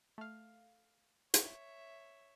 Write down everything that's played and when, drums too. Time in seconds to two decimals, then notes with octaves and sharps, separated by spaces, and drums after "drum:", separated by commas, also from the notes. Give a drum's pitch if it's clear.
0.18 A3 F5
1.34 C#5 E5, drum: hi-hat